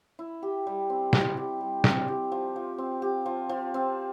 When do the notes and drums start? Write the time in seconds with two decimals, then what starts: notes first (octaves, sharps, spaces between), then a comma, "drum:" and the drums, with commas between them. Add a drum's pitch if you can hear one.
0.19 E4
0.43 G4
0.67 G3
0.90 C4
1.13 E4, drum: snare
1.37 G4
1.61 G3
1.84 C4, drum: snare
2.08 G4
2.32 F3
2.56 F3
2.78 C4
3.02 G4
3.26 F3
3.49 F3
3.74 C4